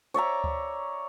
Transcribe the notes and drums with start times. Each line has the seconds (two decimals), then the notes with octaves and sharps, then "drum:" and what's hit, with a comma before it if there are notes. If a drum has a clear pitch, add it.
0.14 C#5 D5 E5 A#5
0.44 drum: kick D2